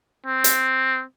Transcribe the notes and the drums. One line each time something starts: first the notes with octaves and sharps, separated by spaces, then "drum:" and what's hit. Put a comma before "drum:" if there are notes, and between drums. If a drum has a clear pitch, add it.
C4
drum: hi-hat